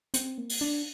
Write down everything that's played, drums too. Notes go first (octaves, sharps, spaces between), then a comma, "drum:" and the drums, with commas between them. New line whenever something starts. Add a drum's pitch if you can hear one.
C4, drum: hi-hat
A#3
drum: open hi-hat
D4